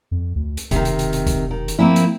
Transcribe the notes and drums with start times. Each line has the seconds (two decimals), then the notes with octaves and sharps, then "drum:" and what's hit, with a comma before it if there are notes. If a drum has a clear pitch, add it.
0.11 F2
0.36 D2
0.57 drum: hi-hat
0.71 E1 C3 D#3, drum: kick C#2, hi-hat
0.85 drum: hi-hat
0.99 drum: hi-hat
1.13 drum: hi-hat
1.27 drum: kick C#2, hi-hat
1.51 D#3
1.68 drum: hi-hat
1.79 F3 A#3 C4 E4
1.96 drum: hi-hat